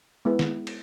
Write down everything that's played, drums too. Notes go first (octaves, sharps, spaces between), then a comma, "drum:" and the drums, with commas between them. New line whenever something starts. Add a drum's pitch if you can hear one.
G#3 B3 E4 G#4 B4
drum: snare
drum: cymbal